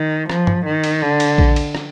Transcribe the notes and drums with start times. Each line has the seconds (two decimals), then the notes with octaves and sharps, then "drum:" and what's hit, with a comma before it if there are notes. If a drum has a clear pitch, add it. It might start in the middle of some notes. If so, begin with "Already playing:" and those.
Already playing: D#3
0.30 F3, drum: rim click
0.47 drum: tom
0.65 D#3
0.84 drum: cymbal
1.02 D3
1.20 drum: cymbal
1.38 drum: kick A#1
1.56 drum: cymbal
1.75 drum: rim click